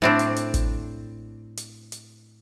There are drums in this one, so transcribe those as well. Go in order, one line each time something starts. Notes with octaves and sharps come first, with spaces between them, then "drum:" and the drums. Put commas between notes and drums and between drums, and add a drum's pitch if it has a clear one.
A2 C4 D4
drum: hi-hat
drum: hi-hat
drum: kick, hi-hat
drum: hi-hat
drum: hi-hat